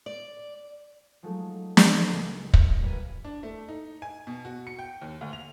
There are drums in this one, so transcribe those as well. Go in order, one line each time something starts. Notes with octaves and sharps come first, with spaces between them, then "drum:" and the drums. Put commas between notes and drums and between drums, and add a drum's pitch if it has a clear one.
D5
F3 F#3 G#3 A3 D#4
drum: snare
C#2 A#2
drum: kick
G3 A#3 B4 G#6 D#7
D4
A3
D#4
G#5
B2
F#4
C#7
G5
D#2
D2
F7